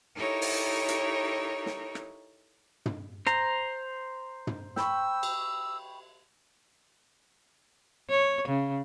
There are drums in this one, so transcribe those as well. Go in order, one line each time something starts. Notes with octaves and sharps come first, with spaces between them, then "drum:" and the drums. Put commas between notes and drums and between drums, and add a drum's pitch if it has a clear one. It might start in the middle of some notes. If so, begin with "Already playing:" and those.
D#4 E4 G4 A4 A#4 C#5
drum: open hi-hat
drum: hi-hat
drum: snare
drum: rim click
drum: tom
C5 A#5, drum: rim click
drum: tom
G5 B5 C#6 E6, drum: snare
drum: cymbal
C#5
C#3